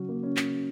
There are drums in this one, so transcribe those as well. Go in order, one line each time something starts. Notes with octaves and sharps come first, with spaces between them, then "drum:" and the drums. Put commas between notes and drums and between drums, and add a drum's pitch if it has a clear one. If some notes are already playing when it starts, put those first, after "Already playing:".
Already playing: C#3 F#3 C#4
A#3
C#4
C#3, drum: clap